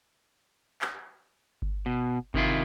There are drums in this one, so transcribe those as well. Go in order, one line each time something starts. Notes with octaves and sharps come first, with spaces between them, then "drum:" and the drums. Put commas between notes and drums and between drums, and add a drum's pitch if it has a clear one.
drum: clap
drum: kick G1
B2
C3 D#3 E4 F4, drum: kick G1